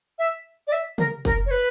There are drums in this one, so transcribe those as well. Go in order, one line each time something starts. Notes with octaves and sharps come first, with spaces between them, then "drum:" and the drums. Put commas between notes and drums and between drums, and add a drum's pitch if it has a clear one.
E5
D5
E5
A#4, drum: tom
A#4, drum: kick
C#5
B4